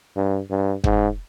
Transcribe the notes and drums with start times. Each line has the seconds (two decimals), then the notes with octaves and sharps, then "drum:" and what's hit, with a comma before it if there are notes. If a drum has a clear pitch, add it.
0.16 G2
0.50 G2
0.84 G#2, drum: kick